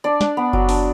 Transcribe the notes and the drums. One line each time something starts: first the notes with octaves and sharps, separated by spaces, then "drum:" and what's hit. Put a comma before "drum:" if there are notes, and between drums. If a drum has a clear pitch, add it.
D4 D5
D4, drum: snare
B3
F#3, drum: kick F#1
D4, drum: open hi-hat